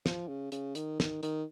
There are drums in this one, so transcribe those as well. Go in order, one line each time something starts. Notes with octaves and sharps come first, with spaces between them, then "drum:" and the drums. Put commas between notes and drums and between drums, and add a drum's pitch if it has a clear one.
F3, drum: snare
C#3
C#3, drum: hi-hat
D#3, drum: hi-hat
D#3, drum: snare
D#3, drum: hi-hat